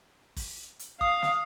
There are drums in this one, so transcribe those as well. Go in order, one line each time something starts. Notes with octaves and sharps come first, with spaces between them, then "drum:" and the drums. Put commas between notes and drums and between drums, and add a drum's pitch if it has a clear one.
drum: kick, open hi-hat
drum: hi-hat
F5 D#6, drum: kick
drum: snare